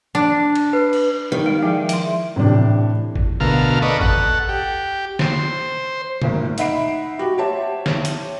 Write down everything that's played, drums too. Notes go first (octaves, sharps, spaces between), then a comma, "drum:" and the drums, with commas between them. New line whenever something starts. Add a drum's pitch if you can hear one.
D4
drum: cymbal
B4
drum: cymbal
D#3 G3
G#3 F5
F3 E4 G#4 G5
E5 C6, drum: hi-hat
A2 C3 E3 D4 G4
drum: kick
D2 B2 A4 A#4 F5
A4 B4 D5 D#5 C#6
A4 F#5, drum: kick
G4
C5, drum: snare
G#1 D2 A#3, drum: tom
D#4 E5 F#5 B5 C7 D7, drum: hi-hat
F#4 G4
G4 C5 C#5 E5 A5
drum: snare
drum: hi-hat